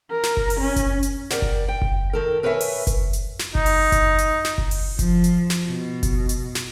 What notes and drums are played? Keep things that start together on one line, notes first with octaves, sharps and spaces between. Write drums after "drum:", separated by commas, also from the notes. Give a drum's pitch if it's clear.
A#4
drum: snare
drum: kick F#1
drum: open hi-hat
C#4
drum: kick F#1, hi-hat
drum: hi-hat
G4 A#4 D5 F#5, drum: snare
drum: kick F#1
G5
drum: kick F#1
D#3 A4 A#4
A#4 B4 C#5 D5 E5 G#5
drum: open hi-hat
drum: kick F#1, hi-hat
drum: hi-hat
drum: snare
D#4, drum: kick F#1
drum: open hi-hat
drum: kick F#1, hi-hat
drum: hi-hat
drum: snare
drum: kick F#1
drum: open hi-hat
F3, drum: kick F#1, hi-hat
drum: hi-hat
drum: snare
B2
drum: kick F#1, hi-hat
drum: hi-hat
drum: snare